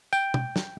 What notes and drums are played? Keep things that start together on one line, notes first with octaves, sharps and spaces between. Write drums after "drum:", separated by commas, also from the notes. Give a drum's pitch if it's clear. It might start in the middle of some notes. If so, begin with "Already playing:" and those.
G5, drum: tambourine
drum: tom
drum: snare